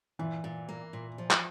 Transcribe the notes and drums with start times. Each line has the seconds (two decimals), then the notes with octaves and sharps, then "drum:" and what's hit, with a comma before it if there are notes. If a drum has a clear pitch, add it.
0.19 A#2 E3
0.44 A#2
0.69 A#3
0.93 A#2
1.18 F3
1.31 drum: clap